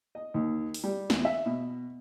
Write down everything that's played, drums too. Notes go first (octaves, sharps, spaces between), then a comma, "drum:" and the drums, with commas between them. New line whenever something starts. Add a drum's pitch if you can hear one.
D#5
D#2
drum: open hi-hat
G3
E2, drum: snare
E5
B2